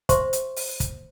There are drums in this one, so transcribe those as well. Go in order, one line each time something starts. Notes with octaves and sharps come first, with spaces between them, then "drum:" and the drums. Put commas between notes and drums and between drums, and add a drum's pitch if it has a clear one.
C5 E5 C6 C#6, drum: kick, hi-hat
drum: hi-hat
drum: open hi-hat
drum: kick, hi-hat